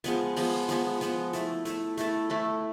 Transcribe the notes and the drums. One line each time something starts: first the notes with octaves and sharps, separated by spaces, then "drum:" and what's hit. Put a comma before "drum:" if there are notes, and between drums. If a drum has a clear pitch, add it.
F3 G#3 B3, drum: hi-hat
F3 G#3 B3, drum: open hi-hat
F3 G#3 B3, drum: hi-hat
F3 G#3 B3, drum: hi-hat
A3 E4 A4, drum: hi-hat
A3 E4 A4, drum: hi-hat
A3 E4 A4, drum: hi-hat
A3 E4 A4